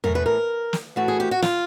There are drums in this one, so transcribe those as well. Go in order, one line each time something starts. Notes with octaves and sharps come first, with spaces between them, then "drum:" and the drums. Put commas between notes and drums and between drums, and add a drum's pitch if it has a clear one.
A2 E3 A3 A#4, drum: tom E2
B4
A#4
drum: snare
A2 E3 A3 F#4
G#4
G4
F#4
F4, drum: snare